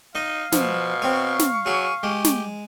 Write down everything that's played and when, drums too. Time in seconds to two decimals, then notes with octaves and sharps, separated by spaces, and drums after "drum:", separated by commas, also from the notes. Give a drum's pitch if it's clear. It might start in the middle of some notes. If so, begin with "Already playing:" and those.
0.15 D#4 D#5 F5
0.52 B2 F3, drum: snare
1.02 C4 C#5 C#6
1.39 drum: snare
1.66 F#3 G#4
2.03 G#3 G4
2.24 drum: snare